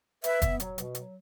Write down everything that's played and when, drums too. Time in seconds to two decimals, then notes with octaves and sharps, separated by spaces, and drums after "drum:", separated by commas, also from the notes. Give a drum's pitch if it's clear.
0.24 B4 E5, drum: hi-hat
0.42 B3, drum: kick, hi-hat
0.60 F#3, drum: hi-hat
0.78 B2, drum: hi-hat
0.95 F#3, drum: hi-hat